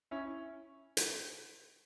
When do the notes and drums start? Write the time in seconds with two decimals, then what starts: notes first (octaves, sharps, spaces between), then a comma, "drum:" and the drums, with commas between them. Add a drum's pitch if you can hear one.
0.11 C#4 E4
0.97 drum: hi-hat